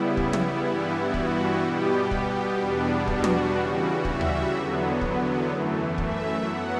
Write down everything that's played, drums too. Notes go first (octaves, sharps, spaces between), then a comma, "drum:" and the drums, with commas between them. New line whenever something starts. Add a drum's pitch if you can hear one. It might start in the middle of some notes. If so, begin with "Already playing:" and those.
Already playing: C#3 G3 B3 E4
drum: kick
drum: tom
G2 E3 G3 B3
F#4, drum: kick
B2 G3 B3 G4
G4, drum: kick
E2 B2 G3 B3 D4
F#4, drum: kick
drum: tom
C#3 E3 G3
E5, drum: kick
drum: tom D2
E2 D3 F#3 B3
drum: kick
F#2 E3 A3
E5, drum: kick
F#3 B3 F#5